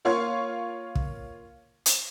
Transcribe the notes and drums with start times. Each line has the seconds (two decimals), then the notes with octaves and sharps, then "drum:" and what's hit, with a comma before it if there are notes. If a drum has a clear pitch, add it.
0.05 A#3 F4 C#5 F5 C#6 G#6
0.95 drum: kick
1.86 drum: hi-hat